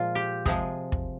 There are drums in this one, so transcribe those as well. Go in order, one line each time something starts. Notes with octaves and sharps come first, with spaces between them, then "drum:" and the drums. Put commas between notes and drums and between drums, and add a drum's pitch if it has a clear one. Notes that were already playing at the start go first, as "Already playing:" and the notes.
Already playing: A#2 F3 G#3 F4
G4
C3 F3 G#3 G#4, drum: kick
drum: kick